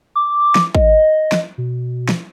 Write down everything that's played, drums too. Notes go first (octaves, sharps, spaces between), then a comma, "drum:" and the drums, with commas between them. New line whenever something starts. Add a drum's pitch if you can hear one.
D6
drum: snare
D#5, drum: kick
drum: snare
B2
drum: snare